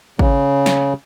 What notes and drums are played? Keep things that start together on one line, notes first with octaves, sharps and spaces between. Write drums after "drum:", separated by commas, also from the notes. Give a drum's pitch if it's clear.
C#3, drum: kick G#1
drum: snare